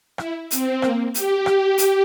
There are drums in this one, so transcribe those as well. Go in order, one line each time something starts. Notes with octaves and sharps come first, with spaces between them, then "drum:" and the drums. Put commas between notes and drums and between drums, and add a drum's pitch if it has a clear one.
E4, drum: rim click
C4, drum: hi-hat
A#3, drum: rim click
G4, drum: hi-hat
drum: rim click
drum: hi-hat